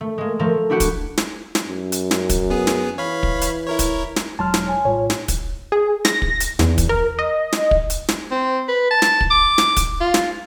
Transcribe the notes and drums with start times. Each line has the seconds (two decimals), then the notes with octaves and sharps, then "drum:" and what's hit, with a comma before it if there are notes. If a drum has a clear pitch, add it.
0.01 A3
0.18 G#3 A#3
0.39 F3 A3 A4 A#4
0.70 D4 E4 F#4 G4 F#5
0.80 drum: kick, hi-hat
1.18 drum: snare
1.55 drum: snare
1.68 F#2
1.92 drum: hi-hat
2.11 drum: snare
2.30 drum: kick, hi-hat
2.50 B3 G#4
2.67 drum: snare
2.98 E3 C#5 F5 B5
3.23 drum: kick
3.42 drum: hi-hat
3.67 E4 A#4 C#5
3.79 drum: kick, hi-hat
4.16 drum: snare
4.39 E1 F#3 G#3 A5 C6 F6
4.54 drum: snare
4.67 C#5 G#5
4.85 A#1 A2 G3 F4 C#5
5.10 drum: snare
5.28 drum: kick, hi-hat
5.72 G#4
6.05 A#6, drum: snare
6.22 drum: kick
6.40 drum: hi-hat
6.59 E2, drum: snare
6.78 drum: kick, hi-hat
6.89 A#4
7.19 D#5
7.52 drum: snare
7.71 drum: kick
7.90 drum: hi-hat
8.09 drum: snare
8.31 C4
8.68 B4
8.91 A5
9.02 drum: snare
9.21 drum: kick
9.31 D6
9.58 drum: snare
9.77 drum: kick, hi-hat
10.01 F4
10.14 drum: snare